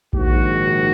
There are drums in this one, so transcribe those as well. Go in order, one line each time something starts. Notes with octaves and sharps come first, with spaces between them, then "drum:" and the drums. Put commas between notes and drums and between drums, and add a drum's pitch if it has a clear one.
A#1 G#2 D#3 F#4, drum: kick A#1